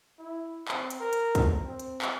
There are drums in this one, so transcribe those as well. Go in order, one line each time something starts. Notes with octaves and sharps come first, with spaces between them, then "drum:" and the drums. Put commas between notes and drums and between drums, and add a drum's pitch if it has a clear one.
E4
C4, drum: clap
drum: hi-hat
A#4
drum: hi-hat
drum: kick, hi-hat
C4
drum: hi-hat
drum: clap